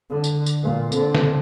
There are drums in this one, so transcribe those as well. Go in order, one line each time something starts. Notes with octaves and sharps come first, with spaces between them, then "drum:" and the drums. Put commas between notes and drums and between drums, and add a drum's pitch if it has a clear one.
D3
drum: tambourine
drum: tambourine
A#2
D3 C4, drum: tambourine
drum: snare